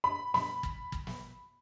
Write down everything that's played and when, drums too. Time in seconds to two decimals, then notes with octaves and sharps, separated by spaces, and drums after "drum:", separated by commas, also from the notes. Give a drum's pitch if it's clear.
0.04 B5
0.34 B5, drum: snare
0.63 drum: kick
0.92 drum: kick
1.07 drum: snare